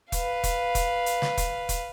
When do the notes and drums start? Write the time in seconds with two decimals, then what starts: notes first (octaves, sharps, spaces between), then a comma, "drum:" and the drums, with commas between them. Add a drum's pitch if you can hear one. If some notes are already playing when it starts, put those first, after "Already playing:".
0.12 B4 F5, drum: kick E1, hi-hat
0.44 drum: kick E1, hi-hat
0.75 drum: kick E1, hi-hat
1.06 drum: hi-hat
1.22 drum: snare
1.37 drum: kick E1, hi-hat
1.69 drum: kick E1, hi-hat